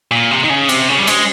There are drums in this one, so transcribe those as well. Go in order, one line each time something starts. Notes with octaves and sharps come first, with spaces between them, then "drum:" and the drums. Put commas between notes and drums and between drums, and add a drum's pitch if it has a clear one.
A#2
C3
D#3
C#3
C3, drum: cymbal
C#3
G3
G#3, drum: cymbal